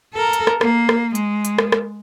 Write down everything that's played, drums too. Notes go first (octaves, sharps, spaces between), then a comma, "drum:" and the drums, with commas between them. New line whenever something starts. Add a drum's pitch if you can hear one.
A4 A#4
drum: hi-hat
drum: rim click
A#3, drum: rim click
drum: rim click
G#3, drum: hi-hat
drum: hi-hat
drum: rim click
drum: rim click